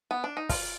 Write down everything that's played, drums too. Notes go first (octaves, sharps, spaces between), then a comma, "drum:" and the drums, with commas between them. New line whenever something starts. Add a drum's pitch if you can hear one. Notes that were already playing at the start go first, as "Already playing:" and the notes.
B3
D4
D#4
F4, drum: kick, open hi-hat